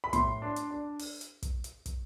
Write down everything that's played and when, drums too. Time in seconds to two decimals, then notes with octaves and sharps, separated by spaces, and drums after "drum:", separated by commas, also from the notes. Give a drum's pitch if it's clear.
0.04 B5
0.13 A2 C6, drum: kick, hi-hat
0.42 D4
0.56 drum: hi-hat
0.71 D4
0.99 drum: open hi-hat
1.21 drum: hi-hat
1.42 drum: kick, hi-hat
1.64 drum: hi-hat
1.86 drum: kick, hi-hat